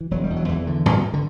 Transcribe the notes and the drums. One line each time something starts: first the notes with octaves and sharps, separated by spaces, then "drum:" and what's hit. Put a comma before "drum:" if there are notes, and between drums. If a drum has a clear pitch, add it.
E3
E1 F#3
G3
E2
F#3
E2 E3
D3
E2, drum: tom A2
D3